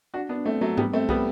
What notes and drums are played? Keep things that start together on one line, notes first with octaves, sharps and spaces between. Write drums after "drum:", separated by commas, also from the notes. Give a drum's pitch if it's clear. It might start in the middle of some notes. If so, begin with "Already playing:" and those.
D4 F#4
B3 D4
A3 C4
F#3 A3
G3 B3, drum: tom G#2
A3 C4
G3 B3, drum: kick